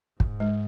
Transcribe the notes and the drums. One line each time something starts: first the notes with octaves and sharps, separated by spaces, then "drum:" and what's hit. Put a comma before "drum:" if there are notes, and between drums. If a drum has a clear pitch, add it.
G#2, drum: kick
G#3